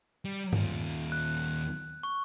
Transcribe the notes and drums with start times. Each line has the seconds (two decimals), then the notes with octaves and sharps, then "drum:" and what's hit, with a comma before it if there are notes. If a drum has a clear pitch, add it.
0.25 G3
0.53 D#2 F4, drum: tom G2
1.12 F#6
2.03 C#6